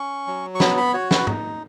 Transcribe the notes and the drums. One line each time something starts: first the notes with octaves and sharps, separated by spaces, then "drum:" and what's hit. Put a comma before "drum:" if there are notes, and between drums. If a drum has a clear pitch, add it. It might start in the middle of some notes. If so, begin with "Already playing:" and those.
Already playing: C#4 C#6
F#3
C#6
B3 B5, drum: snare
B5
F#4 C#5
B4, drum: snare
D#4, drum: tom